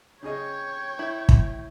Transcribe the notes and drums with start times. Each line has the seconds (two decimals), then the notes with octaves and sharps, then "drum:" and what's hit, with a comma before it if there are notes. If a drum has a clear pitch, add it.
0.23 C#3 G#4 C#5 D#5 G5
0.99 E4
1.29 drum: kick